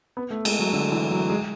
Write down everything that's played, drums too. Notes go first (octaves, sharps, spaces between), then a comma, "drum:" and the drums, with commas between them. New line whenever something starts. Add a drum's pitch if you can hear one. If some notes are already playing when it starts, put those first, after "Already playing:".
B3
A3
G#3, drum: cymbal
F#3
D3
E3
F#3
G#3